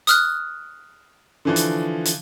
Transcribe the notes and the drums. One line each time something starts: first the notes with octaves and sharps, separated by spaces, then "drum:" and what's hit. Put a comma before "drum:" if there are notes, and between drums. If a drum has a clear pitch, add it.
D#6 F6 F#6, drum: hi-hat
D3 E3 F3
drum: hi-hat
drum: hi-hat